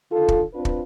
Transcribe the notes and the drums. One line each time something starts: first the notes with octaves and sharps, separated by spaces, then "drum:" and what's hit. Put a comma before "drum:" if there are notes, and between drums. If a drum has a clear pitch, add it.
D3 D#3 F4 A4
drum: kick
C4 D4 F4 B4
drum: kick